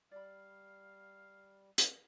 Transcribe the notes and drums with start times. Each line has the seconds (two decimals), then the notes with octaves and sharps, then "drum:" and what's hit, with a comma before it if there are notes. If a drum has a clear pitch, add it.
0.11 G3 D5 F5 B5
1.78 drum: hi-hat